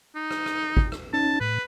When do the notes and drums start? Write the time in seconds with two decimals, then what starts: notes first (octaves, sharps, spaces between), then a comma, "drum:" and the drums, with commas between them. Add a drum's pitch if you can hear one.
0.15 D#4
0.31 drum: rim click
0.46 drum: rim click
0.77 drum: kick
0.92 drum: rim click
1.13 C#4 D#4 A5
1.41 A2 B4